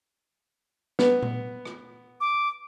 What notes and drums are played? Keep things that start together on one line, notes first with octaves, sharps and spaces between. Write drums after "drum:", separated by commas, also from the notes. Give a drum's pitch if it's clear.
B3, drum: snare
drum: tom A#2
drum: rim click
D6